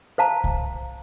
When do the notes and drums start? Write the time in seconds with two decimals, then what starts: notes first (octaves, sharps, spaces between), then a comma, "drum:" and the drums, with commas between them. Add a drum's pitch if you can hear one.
0.18 C5 F5 A5 A#5
0.44 drum: kick C2